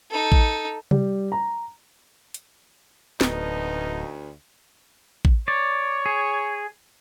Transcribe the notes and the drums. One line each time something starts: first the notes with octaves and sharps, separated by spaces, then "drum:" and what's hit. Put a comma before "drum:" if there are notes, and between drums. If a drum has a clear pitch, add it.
D#4 A4
drum: kick A1
G3, drum: tom C3
A#5
drum: hi-hat
D1 D2 B3 D#4, drum: snare
drum: kick A1
C#5 D5
G#4